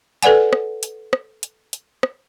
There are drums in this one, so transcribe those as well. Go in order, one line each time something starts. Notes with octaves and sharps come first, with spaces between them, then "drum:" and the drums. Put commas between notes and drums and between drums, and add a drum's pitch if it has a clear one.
A4 B4 D5 F#5 G#5, drum: hi-hat
drum: rim click
drum: hi-hat
drum: rim click
drum: hi-hat
drum: hi-hat
drum: rim click